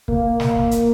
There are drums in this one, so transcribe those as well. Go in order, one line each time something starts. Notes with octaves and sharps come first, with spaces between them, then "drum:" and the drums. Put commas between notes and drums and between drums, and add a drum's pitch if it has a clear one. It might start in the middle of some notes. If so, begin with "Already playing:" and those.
A#3, drum: kick
drum: snare
drum: kick
drum: hi-hat